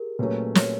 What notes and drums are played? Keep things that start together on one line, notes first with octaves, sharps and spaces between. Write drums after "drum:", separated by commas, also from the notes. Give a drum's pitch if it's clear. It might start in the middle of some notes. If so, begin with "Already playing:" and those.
Already playing: G4 G#4 A#4
A#2 F#3 A3 C#4 B4
C#5, drum: snare